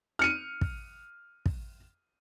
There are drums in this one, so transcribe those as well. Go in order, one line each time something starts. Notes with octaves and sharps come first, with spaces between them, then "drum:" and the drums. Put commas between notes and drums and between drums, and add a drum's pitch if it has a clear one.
F6 C#7 D#7
drum: kick
drum: kick